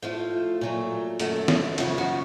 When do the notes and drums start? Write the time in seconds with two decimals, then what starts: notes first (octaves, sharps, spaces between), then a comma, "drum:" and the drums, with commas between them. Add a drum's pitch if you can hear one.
0.02 A2 F3 A3 F4
0.61 A#2 F#3 A3
1.20 F#2 D#3 A3, drum: hi-hat
1.48 drum: snare
1.78 F#2 C#3 F3 F4, drum: cymbal
1.98 F#4